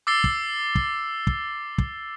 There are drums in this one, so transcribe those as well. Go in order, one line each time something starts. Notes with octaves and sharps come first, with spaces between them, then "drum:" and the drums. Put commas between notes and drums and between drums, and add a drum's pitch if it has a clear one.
D6 E6 A6 C7 G7
drum: kick
drum: kick
drum: kick
drum: kick